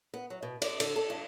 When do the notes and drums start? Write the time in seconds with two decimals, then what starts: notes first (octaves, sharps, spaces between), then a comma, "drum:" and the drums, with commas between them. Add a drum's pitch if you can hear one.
0.14 B3
0.30 F#3
0.43 B2
0.62 D5, drum: cymbal
0.80 D3, drum: cymbal
0.96 A4
1.10 G2